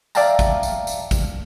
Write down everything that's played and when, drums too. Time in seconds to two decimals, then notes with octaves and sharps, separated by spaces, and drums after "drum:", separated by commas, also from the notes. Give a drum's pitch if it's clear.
0.15 D5 E5 F5 G5 A5 A#5, drum: tambourine
0.39 drum: kick, tambourine
0.63 drum: tambourine
0.87 drum: tambourine
1.11 drum: kick, tambourine